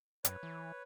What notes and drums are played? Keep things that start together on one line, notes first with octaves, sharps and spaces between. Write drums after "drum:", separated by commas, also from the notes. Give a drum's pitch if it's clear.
F#2 B4 C#5, drum: hi-hat
E3